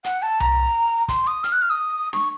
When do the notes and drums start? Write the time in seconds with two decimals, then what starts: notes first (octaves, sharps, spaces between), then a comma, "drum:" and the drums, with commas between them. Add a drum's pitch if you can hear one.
0.04 F#5, drum: hi-hat
0.22 A5
0.40 A#5, drum: tom C2
1.08 C6, drum: kick, hi-hat
1.27 D#6
1.44 F6, drum: hi-hat
1.52 F#6
1.62 F6
1.70 D#6
2.13 C#6, drum: snare